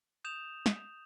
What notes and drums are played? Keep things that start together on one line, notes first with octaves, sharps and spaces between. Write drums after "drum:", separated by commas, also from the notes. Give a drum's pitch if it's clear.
D#6 G6 E7 F7
drum: snare